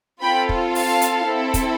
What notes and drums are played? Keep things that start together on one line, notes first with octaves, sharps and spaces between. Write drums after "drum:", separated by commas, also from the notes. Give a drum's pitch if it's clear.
C4 F4 A4 G5 B5
drum: kick
F5 A5, drum: open hi-hat
drum: hi-hat
C4 E4 A4
drum: kick, hi-hat